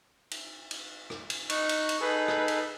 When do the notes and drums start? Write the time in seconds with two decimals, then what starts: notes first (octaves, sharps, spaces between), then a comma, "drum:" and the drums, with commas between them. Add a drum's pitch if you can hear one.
0.31 drum: cymbal
0.71 drum: cymbal
1.10 drum: rim click
1.30 drum: cymbal
1.50 D#4 C#6 F#6, drum: cymbal
1.69 drum: cymbal
1.89 drum: cymbal
2.01 D#4 G#4 A4 B4
2.28 drum: rim click
2.48 drum: cymbal